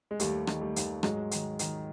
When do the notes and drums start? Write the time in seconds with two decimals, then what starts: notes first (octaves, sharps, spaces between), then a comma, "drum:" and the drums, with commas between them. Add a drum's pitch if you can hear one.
0.11 G#3
0.20 D#2 G3 A3, drum: hi-hat
0.47 D#3, drum: rim click
0.61 G3 A3
0.76 D#2, drum: hi-hat
1.03 G#2 F#3 G#3, drum: rim click
1.31 D#3, drum: hi-hat
1.59 D#3, drum: hi-hat